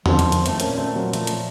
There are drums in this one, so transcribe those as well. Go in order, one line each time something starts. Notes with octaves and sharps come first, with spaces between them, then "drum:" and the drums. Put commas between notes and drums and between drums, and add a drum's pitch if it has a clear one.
D#3 F3, drum: tom E2
drum: hi-hat
D#3, drum: hi-hat
A3 C4, drum: hi-hat
A#2 A#3 C#4, drum: hi-hat
A3 C4
F#3 A#3
F3 A3, drum: hi-hat
drum: hi-hat